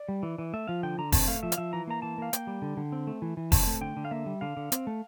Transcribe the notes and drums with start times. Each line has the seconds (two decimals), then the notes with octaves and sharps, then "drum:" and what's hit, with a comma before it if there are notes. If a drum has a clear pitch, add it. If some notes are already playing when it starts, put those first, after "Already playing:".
Already playing: D5
0.09 G3
0.23 E3
0.38 E3
0.54 A3 E5
0.68 F3 F5
0.83 D3 G5
0.98 D3 A#5
1.12 C4 A5, drum: kick F1, open hi-hat
1.28 A3 F5
1.43 F3 E5
1.52 F5, drum: hi-hat
1.58 F3 E5
1.73 E3 A#5
1.87 A#3 A#5
2.02 E3 A5
2.18 A#3 F5
2.33 A#3 G5, drum: hi-hat
2.47 G3
2.62 D3
2.77 D3
2.92 C4
3.07 A3
3.22 E3
3.37 E3
3.52 C4 A5, drum: kick F1, open hi-hat
3.67 A3
3.81 D3 G5
3.97 D3
4.05 F5
4.11 A#3 E5
4.26 G3
4.41 D3 F5
4.57 D3
4.72 C4, drum: hi-hat
4.87 A3